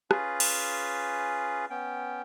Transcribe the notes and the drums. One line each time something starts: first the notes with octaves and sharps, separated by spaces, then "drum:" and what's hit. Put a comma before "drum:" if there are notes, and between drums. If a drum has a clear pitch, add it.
C#4 F4 G#4 B4, drum: rim click
drum: cymbal
B3 C#4 G5